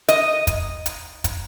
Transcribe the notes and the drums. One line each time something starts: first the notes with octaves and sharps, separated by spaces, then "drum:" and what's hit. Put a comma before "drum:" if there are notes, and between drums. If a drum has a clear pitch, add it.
D#5, drum: hi-hat
drum: kick, hi-hat
drum: hi-hat
drum: kick, hi-hat